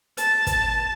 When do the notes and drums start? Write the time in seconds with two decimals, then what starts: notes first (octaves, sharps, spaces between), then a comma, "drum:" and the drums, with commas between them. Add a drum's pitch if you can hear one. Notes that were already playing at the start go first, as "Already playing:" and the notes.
0.17 A5, drum: hi-hat
0.47 drum: kick, hi-hat